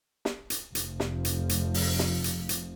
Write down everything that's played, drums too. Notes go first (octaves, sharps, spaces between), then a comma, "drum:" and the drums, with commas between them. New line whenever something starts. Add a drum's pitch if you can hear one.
drum: snare
drum: hi-hat
F1 F3, drum: hi-hat
drum: snare
drum: hi-hat
drum: hi-hat
drum: open hi-hat
drum: snare
drum: hi-hat
drum: hi-hat